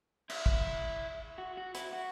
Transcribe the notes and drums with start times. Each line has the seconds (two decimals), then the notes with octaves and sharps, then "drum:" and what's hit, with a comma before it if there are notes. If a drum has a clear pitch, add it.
0.30 E4, drum: cymbal
0.46 drum: kick
1.38 F#4
1.57 F#4
1.75 E4, drum: hi-hat
1.93 F#4